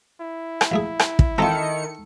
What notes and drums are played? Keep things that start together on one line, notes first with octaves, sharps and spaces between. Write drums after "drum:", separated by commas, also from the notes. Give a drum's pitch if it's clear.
E4
drum: rim click
A#1 A3 G#4
drum: rim click
drum: kick
D#3 C4 D#4 F4 A4 C#7